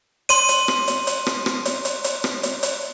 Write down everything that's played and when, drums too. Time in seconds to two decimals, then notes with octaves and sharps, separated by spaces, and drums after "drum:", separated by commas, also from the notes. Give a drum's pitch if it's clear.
0.29 C6 D#7, drum: hi-hat
0.49 drum: hi-hat
0.68 drum: rim click
0.88 drum: hi-hat
1.07 drum: hi-hat
1.26 drum: rim click
1.46 drum: rim click
1.65 drum: hi-hat
1.85 drum: hi-hat
2.04 drum: hi-hat
2.24 drum: rim click
2.43 drum: hi-hat
2.63 drum: hi-hat